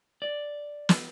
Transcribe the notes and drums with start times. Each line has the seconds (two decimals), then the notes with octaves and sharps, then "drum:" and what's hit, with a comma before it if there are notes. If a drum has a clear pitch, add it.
0.22 D5
0.89 drum: snare